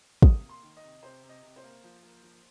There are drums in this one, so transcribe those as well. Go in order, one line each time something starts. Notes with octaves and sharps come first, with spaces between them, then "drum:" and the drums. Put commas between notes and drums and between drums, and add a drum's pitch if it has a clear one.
C3 D#6, drum: kick
A#3
C6
D#3
D#5
C3
C3 C5
C3
D#5
C3
C5
A#3
F3
A#3
F3